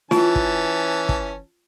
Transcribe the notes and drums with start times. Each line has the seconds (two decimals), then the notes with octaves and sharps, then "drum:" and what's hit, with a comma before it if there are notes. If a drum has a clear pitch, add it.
0.11 E3 C#4 F4 A5, drum: snare
0.36 drum: kick
1.09 drum: kick